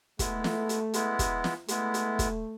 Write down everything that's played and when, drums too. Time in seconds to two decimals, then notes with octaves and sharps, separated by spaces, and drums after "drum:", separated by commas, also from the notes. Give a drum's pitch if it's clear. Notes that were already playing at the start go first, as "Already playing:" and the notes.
0.19 G#3 A3 B3 E4, drum: kick, hi-hat
0.44 drum: snare
0.69 drum: hi-hat
0.94 G#3 B3 E4, drum: hi-hat
1.19 drum: kick, hi-hat
1.44 drum: snare
1.68 G#3 A3 B3 E4, drum: hi-hat
1.94 drum: hi-hat
2.19 drum: kick, hi-hat